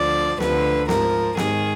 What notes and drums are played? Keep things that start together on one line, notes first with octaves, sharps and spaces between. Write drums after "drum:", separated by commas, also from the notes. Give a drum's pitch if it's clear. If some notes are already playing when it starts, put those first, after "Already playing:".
Already playing: D2 D3 F3 D5
D2 D3 F3 B4, drum: snare
G#2 F3 A#4, drum: snare
G#2 D#3 G#4, drum: snare